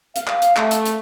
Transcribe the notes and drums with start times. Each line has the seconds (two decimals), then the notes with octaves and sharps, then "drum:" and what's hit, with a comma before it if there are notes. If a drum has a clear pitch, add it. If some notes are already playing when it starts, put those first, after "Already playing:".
0.16 F5, drum: hi-hat
0.27 drum: clap
0.42 drum: hi-hat
0.56 A3, drum: clap
0.71 drum: hi-hat
0.86 drum: hi-hat